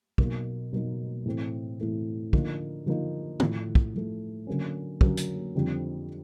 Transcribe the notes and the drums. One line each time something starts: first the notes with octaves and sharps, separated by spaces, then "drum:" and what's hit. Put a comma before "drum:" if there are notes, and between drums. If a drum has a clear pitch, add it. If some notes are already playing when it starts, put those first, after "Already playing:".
B2 F#3 A#3 D#4, drum: kick
B2 F#3 A#3 D#4
A2 E3 A3 C4
A2 E3 A3 C4
D3 F3 A#3 D#4, drum: kick
D3 F3 A#3 D#4
A2 F3 A3, drum: tom
drum: kick
A2 F3 A3
D3 F#3 A#3 C#4
D3 F#3 A#3 C#4, drum: kick
drum: hi-hat
F2 D3 G3 C4 D#4